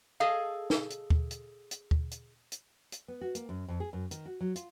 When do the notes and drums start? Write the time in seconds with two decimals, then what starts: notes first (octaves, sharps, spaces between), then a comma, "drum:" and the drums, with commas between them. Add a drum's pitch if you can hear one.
0.20 G#4 A4 D#5 F5
0.70 drum: snare
0.90 drum: hi-hat
1.10 drum: kick D#2
1.31 drum: hi-hat
1.71 drum: hi-hat
1.91 drum: kick D#2
2.11 drum: hi-hat
2.52 drum: hi-hat
2.92 drum: hi-hat
3.08 B3
3.21 F#4
3.35 A#3, drum: hi-hat
3.49 F#2
3.68 F2
3.80 G#4
3.93 F#2
4.11 D#3, drum: hi-hat
4.26 F#4
4.40 F#3
4.56 F4, drum: hi-hat